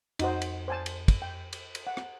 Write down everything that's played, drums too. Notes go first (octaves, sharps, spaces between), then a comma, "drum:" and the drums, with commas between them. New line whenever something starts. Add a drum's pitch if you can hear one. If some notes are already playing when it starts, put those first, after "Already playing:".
F2 D#4 F#4 C5, drum: cymbal
drum: cymbal
C5 G#5 A5
drum: cymbal
drum: kick, cymbal
G5
drum: cymbal
drum: cymbal
F#5
drum: rim click